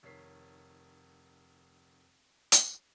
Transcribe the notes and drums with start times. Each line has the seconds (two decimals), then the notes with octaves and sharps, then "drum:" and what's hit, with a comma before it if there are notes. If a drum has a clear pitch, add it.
0.03 F1 D#3 C#5 B6 C7
2.52 drum: hi-hat